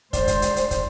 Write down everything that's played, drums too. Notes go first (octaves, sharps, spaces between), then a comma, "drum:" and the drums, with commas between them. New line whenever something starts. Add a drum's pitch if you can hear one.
G#3 C5 D5, drum: kick, hi-hat
drum: kick, hi-hat
drum: hi-hat
drum: hi-hat
drum: kick, hi-hat